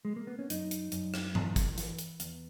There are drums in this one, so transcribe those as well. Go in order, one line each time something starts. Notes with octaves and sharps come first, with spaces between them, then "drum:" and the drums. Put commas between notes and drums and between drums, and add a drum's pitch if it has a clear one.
G#3
A#3
B3
C#4
F#2 D#4, drum: hi-hat
drum: hi-hat
F#2, drum: hi-hat
drum: rim click
E3, drum: tom G2
drum: kick, hi-hat
E3, drum: hi-hat
drum: hi-hat
E2, drum: hi-hat